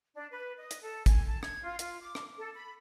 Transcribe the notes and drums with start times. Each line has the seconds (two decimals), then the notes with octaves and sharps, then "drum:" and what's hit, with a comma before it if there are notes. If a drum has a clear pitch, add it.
0.15 D4
0.31 B4
0.57 D#5
0.71 drum: hi-hat
0.82 A4
1.06 G#5, drum: kick, hi-hat
1.27 A5
1.43 G#6, drum: rim click
1.63 F4
1.79 F4, drum: hi-hat
2.01 D6
2.15 drum: rim click
2.38 A4
2.54 B5